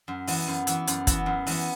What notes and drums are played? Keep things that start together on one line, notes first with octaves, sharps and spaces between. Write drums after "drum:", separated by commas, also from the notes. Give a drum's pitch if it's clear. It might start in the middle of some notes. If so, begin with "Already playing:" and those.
F#2
E3 B3, drum: open hi-hat
F#2
E3 B3, drum: hi-hat
F#2, drum: hi-hat
E3 B3, drum: kick, hi-hat
F#2
E3 B3, drum: open hi-hat